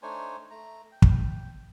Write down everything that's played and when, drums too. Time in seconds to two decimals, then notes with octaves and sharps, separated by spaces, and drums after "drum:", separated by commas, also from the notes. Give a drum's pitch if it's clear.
0.02 A3 D4 D#4 C5 C#5 G#5
0.51 A3 A#5
0.92 G5
1.02 drum: kick